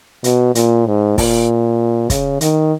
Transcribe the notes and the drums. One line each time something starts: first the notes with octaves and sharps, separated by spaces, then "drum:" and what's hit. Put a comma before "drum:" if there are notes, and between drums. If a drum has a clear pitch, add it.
B2, drum: hi-hat
A#2, drum: hi-hat
G#2
A#2, drum: kick, open hi-hat
C#3, drum: kick, hi-hat
D#3, drum: hi-hat